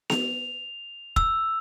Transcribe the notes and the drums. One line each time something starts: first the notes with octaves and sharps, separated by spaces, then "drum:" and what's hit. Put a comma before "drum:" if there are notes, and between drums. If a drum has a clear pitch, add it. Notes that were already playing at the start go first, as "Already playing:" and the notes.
F7, drum: snare B3
E6, drum: kick E1